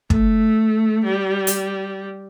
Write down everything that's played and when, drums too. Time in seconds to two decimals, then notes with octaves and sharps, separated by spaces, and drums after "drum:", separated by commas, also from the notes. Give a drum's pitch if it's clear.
0.10 A3, drum: kick
1.04 G3
1.47 drum: hi-hat